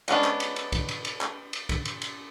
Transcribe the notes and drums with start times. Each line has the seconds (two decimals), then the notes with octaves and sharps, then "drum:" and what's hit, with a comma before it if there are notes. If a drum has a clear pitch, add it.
0.08 G#3 B3 C#4 D4, drum: cymbal
0.24 drum: clap
0.40 drum: cymbal
0.56 drum: cymbal
0.72 drum: kick, cymbal
0.89 drum: cymbal
1.05 drum: cymbal
1.21 drum: clap
1.53 drum: cymbal
1.69 drum: kick, cymbal
1.85 drum: cymbal
2.02 drum: cymbal